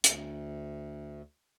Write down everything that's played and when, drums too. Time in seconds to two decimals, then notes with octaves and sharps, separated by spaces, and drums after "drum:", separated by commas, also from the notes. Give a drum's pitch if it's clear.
0.04 D2, drum: hi-hat